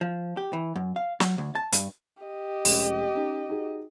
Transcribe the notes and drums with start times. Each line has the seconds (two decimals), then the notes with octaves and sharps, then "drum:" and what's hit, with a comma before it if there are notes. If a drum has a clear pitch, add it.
0.01 F3
0.37 G4
0.53 E3
0.76 F#2
0.96 F5
1.20 F#3, drum: snare
1.38 D2
1.55 A5
1.72 G2, drum: hi-hat
2.23 G4 D#5
2.65 F1 G#3 C#4, drum: open hi-hat
3.15 C#4 D#4
3.49 D#4 F#4 G#4